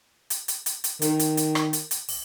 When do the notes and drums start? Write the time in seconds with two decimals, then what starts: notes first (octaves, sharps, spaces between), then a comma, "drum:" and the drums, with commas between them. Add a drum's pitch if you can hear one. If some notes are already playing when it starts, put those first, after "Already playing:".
0.30 drum: hi-hat
0.48 drum: hi-hat
0.66 drum: hi-hat
0.84 drum: hi-hat
1.02 D#3, drum: hi-hat
1.19 drum: hi-hat
1.37 drum: hi-hat
1.55 drum: rim click
1.73 drum: hi-hat
1.91 drum: hi-hat
2.09 drum: open hi-hat